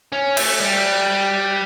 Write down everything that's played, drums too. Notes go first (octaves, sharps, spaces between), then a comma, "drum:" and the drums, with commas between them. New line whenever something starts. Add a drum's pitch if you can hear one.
C#4
A3, drum: cymbal
G3